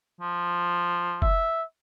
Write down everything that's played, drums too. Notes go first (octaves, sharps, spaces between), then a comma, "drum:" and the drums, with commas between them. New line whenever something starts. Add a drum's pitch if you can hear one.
F3
E5, drum: kick F#1